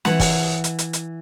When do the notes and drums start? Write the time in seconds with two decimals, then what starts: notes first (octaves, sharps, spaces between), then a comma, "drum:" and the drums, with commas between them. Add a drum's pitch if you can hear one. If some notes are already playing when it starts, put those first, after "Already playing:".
0.05 E3 F#5, drum: snare
0.20 drum: kick, open hi-hat
0.64 drum: hi-hat
0.79 drum: hi-hat
0.93 drum: hi-hat